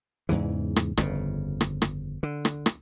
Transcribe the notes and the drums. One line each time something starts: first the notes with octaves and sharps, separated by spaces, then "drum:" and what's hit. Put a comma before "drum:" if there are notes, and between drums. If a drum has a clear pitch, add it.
E2 G#2 C#3 E3
drum: rim click
G1 F2 C#3, drum: rim click
drum: rim click
drum: rim click
D3
drum: rim click
drum: rim click